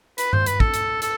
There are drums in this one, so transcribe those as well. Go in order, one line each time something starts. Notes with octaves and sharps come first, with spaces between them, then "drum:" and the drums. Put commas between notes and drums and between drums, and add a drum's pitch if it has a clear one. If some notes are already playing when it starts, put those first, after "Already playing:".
B4, drum: hi-hat
C5, drum: tom G2
B4, drum: hi-hat
A4, drum: kick
drum: hi-hat
A4, drum: hi-hat